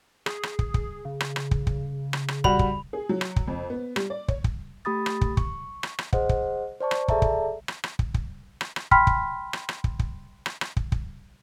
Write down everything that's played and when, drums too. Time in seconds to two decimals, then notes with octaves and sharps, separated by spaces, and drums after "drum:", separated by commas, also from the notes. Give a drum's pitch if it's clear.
0.26 G#4, drum: rim click
0.43 drum: rim click
0.59 drum: kick
0.74 drum: kick
1.05 C#3
1.20 drum: rim click
1.36 drum: rim click
1.51 drum: kick
1.67 drum: kick
2.13 drum: rim click
2.28 drum: rim click
2.44 G3 F#4 B5 F7, drum: kick
2.59 drum: kick
2.93 G#4
3.09 F#3
3.21 drum: rim click
3.36 drum: kick
3.48 F2
3.70 B3
3.96 G3, drum: rim click
4.10 D5
4.28 C#5, drum: kick
4.44 drum: kick
4.85 A3 G4 B5 D#6 A6
5.06 drum: rim click
5.21 drum: kick
5.37 C#6, drum: kick
5.83 drum: rim click
5.99 drum: rim click
6.13 G#4 C5 D#5 F#5, drum: kick
6.29 drum: kick
6.81 C5 D5 A5 C#6
6.91 drum: rim click
7.08 G#4 A4 D5 E5 A5 A#5, drum: kick
7.22 drum: kick
7.68 drum: rim click
7.84 drum: rim click
7.99 drum: kick
8.14 drum: kick
8.61 drum: rim click
8.76 drum: rim click
8.91 G5 B5 C6 F6 B6, drum: kick
9.07 drum: kick
9.53 drum: rim click
9.69 drum: rim click
9.84 drum: kick
9.99 drum: kick
10.46 drum: rim click
10.61 drum: rim click
10.77 drum: kick
10.92 drum: kick